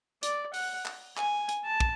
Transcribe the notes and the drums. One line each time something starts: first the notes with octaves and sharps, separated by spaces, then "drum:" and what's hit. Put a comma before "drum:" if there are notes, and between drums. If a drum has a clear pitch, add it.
D5, drum: hi-hat
F#5, drum: open hi-hat
drum: clap
G#5, drum: clap
drum: hi-hat
A5
drum: kick